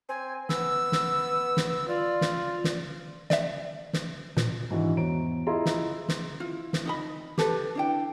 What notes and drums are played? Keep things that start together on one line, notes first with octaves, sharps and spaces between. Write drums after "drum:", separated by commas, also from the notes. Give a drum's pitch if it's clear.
C4 G#5
B3 E6, drum: snare
drum: snare
drum: snare
F4 D5
drum: snare
drum: snare
D5 E5, drum: snare
drum: snare
A#2, drum: snare
G#2 D#3 E3 D4 F#4
E2 C5 C#5 A#5 D7
E4 F4 G#4 D#5 A#5 C6
drum: snare
drum: snare
E4 F4
drum: snare
D#4 D#5 B5
G4 A4 B4, drum: snare
D4 E4 G5